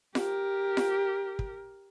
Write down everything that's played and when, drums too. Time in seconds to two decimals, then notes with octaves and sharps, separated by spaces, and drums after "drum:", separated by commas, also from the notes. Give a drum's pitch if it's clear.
0.15 G4 A#4, drum: snare F4
0.77 drum: snare F4
1.39 drum: kick